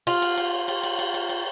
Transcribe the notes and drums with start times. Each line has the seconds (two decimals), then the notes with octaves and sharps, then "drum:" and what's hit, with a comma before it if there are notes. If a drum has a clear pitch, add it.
0.07 F4, drum: cymbal
0.22 drum: cymbal
0.38 drum: cymbal
0.68 drum: cymbal
0.84 drum: cymbal
0.99 drum: cymbal
1.14 drum: cymbal
1.29 drum: cymbal